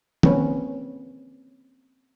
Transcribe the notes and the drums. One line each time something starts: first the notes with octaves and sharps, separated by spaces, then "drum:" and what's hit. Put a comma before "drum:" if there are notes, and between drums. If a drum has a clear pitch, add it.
A#3 C4 C#4 B4, drum: tom